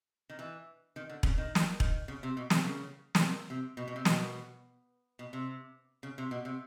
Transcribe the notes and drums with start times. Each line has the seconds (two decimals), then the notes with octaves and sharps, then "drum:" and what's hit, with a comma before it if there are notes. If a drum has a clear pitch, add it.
0.30 D#3
0.39 E3
0.96 D#3
1.09 D3
1.23 C#3, drum: kick E1
1.38 D#3
1.55 drum: snare
1.80 D#3, drum: kick E1
2.08 C#3
2.23 C3
2.37 B2
2.50 C3, drum: snare
2.64 C#3
3.15 C#3, drum: snare
3.22 C3
3.50 C3
3.77 B2
3.88 B2
3.96 C3
4.05 B2, drum: snare
5.19 B2
5.33 C3
6.03 C#3
6.18 C3
6.31 B2
6.45 C3